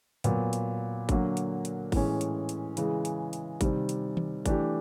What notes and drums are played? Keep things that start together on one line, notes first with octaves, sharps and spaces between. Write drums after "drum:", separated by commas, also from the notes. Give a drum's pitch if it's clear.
A#2 F#3 B3, drum: hi-hat
drum: hi-hat
D3 F#3 A#3, drum: kick G#1, hi-hat
drum: hi-hat
drum: hi-hat
A2 E3 G#3 C#4, drum: kick G#1, open hi-hat
drum: hi-hat
drum: hi-hat
C#3 E3 G#3, drum: hi-hat
drum: hi-hat
drum: hi-hat
C3 D#3 G3, drum: kick G#1, hi-hat
drum: hi-hat
drum: tom D#3
E3 A3 D4 G4, drum: kick G#1, hi-hat